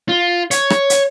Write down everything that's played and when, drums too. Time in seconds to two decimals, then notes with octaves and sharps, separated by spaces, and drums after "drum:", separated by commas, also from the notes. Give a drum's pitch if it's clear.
0.09 F4
0.51 C#5, drum: hi-hat
0.70 drum: rim click
0.90 drum: hi-hat